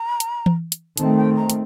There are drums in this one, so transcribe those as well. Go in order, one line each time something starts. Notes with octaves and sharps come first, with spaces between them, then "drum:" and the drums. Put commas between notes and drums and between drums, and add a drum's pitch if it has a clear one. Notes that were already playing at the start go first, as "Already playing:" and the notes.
Already playing: A#5
drum: hi-hat
drum: tom E3
drum: hi-hat
D#3 A3 C4 A5, drum: hi-hat
G5
A#5
drum: hi-hat